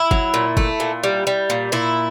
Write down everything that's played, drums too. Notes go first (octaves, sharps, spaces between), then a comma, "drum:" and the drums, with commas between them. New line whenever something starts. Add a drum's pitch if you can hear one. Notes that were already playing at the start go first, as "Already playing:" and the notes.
Already playing: E4
F#3, drum: kick G1
A#2
A3, drum: kick G1
A#2
G3
G3
A#2
A#2 E4